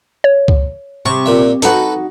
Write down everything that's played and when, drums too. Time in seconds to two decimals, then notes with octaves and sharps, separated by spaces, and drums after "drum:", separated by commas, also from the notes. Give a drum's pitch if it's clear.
0.24 C#5
0.48 drum: kick
1.06 C3 C#6
1.26 A#2 E5
1.62 D#4 F#4 A4 B4, drum: hi-hat